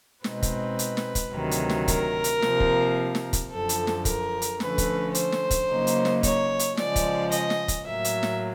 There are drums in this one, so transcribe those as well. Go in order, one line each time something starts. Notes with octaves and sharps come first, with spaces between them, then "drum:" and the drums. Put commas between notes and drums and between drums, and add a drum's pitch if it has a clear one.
B2 G#3 C4 D#4 B4, drum: snare
drum: kick, hi-hat
drum: hi-hat
drum: snare
drum: kick, hi-hat
D2 C3 D#3 F#3
drum: hi-hat
drum: snare
A#4, drum: kick, hi-hat
drum: hi-hat
C3 F3 A#3, drum: snare
drum: kick
drum: snare
drum: kick, hi-hat
F#2 D3 F3 A4
drum: hi-hat
drum: snare
A#4, drum: kick, hi-hat
drum: hi-hat
D3 F3 A3 C#4 B4, drum: snare
drum: kick, hi-hat
C5, drum: hi-hat
drum: snare
drum: kick, hi-hat
C#3 F#3 A#3 D#4
drum: hi-hat
drum: snare
C#5, drum: kick, hi-hat
drum: hi-hat
C#3 F3 G#3 D5, drum: snare
drum: kick, hi-hat
D#5, drum: hi-hat
drum: snare
drum: kick, hi-hat
A2 F#3 A#3 E5
drum: hi-hat
drum: snare